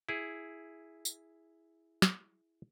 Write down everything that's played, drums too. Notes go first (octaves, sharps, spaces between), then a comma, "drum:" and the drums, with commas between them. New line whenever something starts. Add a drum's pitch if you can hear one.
E4 G#4
drum: tambourine
drum: snare